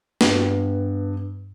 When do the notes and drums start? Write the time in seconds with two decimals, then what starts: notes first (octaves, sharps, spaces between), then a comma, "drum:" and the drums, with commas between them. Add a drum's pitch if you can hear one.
0.21 G2 B3, drum: snare